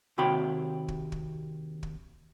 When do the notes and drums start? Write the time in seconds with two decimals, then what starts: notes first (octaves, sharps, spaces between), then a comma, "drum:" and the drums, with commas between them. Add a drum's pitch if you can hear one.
0.18 D#2 C3 F#4 G5 B5 C6
0.88 drum: kick
1.12 drum: kick
1.83 drum: kick